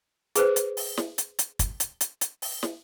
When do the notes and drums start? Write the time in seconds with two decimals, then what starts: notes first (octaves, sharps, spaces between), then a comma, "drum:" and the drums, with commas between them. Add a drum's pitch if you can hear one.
0.36 G#4 B4 C5, drum: hi-hat
0.56 drum: hi-hat
0.77 drum: open hi-hat
0.97 drum: snare
1.18 drum: hi-hat
1.39 drum: hi-hat
1.59 drum: kick, hi-hat
1.80 drum: hi-hat
2.01 drum: hi-hat
2.21 drum: hi-hat
2.42 drum: open hi-hat
2.63 drum: snare